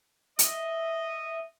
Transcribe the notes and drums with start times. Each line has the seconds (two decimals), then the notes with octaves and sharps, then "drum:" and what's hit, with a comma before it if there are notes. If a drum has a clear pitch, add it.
0.39 D#5 E5, drum: hi-hat